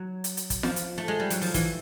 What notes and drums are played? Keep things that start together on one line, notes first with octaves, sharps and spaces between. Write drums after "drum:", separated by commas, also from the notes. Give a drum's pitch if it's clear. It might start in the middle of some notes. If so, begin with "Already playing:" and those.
Already playing: F#3
drum: hi-hat
drum: hi-hat
drum: kick, hi-hat
F3, drum: snare F4
drum: hi-hat
A3
G#3
G3
F#3, drum: hi-hat
F3, drum: open hi-hat
E3, drum: kick, hi-hat